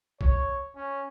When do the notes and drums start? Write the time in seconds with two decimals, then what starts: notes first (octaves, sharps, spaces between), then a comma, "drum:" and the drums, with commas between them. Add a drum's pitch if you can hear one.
0.21 C#5, drum: kick
0.75 C#4